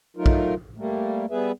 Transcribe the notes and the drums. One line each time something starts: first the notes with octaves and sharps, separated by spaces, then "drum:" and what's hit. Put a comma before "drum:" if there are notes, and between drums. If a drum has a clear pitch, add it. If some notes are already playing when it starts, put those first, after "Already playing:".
F#3 A3 D#4 F4 A#4
drum: kick
G3 A3 A#3
G3 B3 G#4 B4 E5